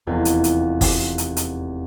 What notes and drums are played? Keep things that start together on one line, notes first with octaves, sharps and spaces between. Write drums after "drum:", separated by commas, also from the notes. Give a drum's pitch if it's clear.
F1 E2 D#4
drum: hi-hat
drum: hi-hat
drum: kick, open hi-hat
drum: hi-hat
drum: hi-hat